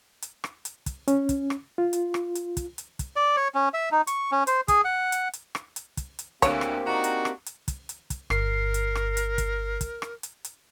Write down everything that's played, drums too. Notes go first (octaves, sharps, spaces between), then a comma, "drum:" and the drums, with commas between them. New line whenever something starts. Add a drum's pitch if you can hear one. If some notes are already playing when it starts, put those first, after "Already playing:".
drum: hi-hat
drum: rim click
drum: hi-hat
drum: kick, hi-hat
C#4, drum: hi-hat
drum: kick, hi-hat
drum: rim click
F4
drum: hi-hat
drum: rim click
drum: hi-hat
drum: kick, hi-hat
drum: hi-hat
drum: kick, hi-hat
D5
C#5
C#4
E5
D#4
C#6, drum: hi-hat
C#4
C5, drum: hi-hat
G#4, drum: kick, hi-hat
F#5
drum: hi-hat
drum: hi-hat
drum: rim click
drum: hi-hat
drum: kick, hi-hat
drum: hi-hat
D2 D3 A#3 C4 G4 C#5, drum: kick, hi-hat
drum: rim click
D4 D#4 F#4 A#5
drum: hi-hat
drum: rim click
drum: hi-hat
drum: kick, hi-hat
drum: hi-hat
drum: kick, hi-hat
G1 A#4 C7, drum: rim click
drum: hi-hat
drum: rim click
drum: hi-hat
drum: kick, hi-hat
drum: kick, hi-hat
drum: rim click
drum: hi-hat
drum: hi-hat